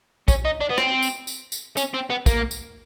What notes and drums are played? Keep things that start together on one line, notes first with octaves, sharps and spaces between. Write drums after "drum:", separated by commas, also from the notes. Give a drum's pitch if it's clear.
C#4, drum: kick, tambourine
D#4
D4
B3
C4, drum: rim click
drum: tambourine
drum: tambourine
drum: tambourine
C#4, drum: tambourine
C4
B3
A#3, drum: kick, tambourine
drum: tambourine